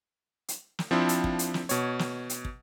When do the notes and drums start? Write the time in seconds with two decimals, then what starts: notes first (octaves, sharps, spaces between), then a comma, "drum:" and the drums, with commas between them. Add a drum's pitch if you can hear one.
0.48 drum: hi-hat
0.79 drum: snare
0.91 F3 C4 D4 E4
1.09 drum: hi-hat
1.24 drum: kick
1.39 drum: hi-hat
1.54 drum: snare
1.69 B2 C#5, drum: hi-hat
1.99 drum: snare
2.30 drum: hi-hat
2.45 drum: kick